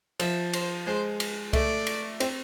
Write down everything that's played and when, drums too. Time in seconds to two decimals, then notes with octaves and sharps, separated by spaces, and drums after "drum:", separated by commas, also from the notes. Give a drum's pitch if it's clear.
0.20 F3 E5, drum: cymbal
0.53 C5, drum: cymbal
0.86 G#3 C5
1.20 drum: cymbal
1.53 A3 D5, drum: kick C2, cymbal
1.87 drum: cymbal
2.20 C4, drum: cymbal